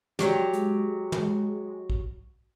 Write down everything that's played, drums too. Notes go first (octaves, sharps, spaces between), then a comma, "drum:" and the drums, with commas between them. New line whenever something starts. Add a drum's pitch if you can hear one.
F#3 G#3 G4, drum: snare
drum: hi-hat
drum: tom
drum: kick